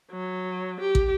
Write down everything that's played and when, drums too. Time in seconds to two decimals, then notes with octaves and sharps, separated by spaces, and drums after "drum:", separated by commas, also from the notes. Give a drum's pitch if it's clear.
0.11 F#3
0.81 G4
0.95 drum: kick